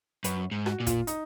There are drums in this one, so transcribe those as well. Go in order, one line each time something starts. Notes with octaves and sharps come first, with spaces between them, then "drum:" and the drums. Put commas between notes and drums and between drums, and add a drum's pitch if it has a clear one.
F#2 B4, drum: hi-hat
G#2
F#4, drum: rim click
A#2
F4, drum: kick, hi-hat
D#4, drum: hi-hat